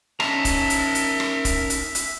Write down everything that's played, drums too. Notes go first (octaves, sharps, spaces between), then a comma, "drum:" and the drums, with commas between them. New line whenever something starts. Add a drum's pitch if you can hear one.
C#4 D#4 A#4 E5 A5 A#5, drum: rim click
drum: kick, hi-hat
drum: hi-hat
drum: hi-hat
drum: rim click
drum: kick, hi-hat
drum: hi-hat
drum: hi-hat